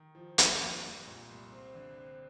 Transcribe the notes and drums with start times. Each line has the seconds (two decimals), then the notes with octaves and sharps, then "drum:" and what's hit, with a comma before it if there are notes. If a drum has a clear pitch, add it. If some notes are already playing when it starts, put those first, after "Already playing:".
Already playing: D#3
0.15 F3
0.38 A#3, drum: hi-hat
0.60 F2
0.83 C2
1.07 A#2
1.29 C2
1.52 C4
1.75 D3
1.98 C4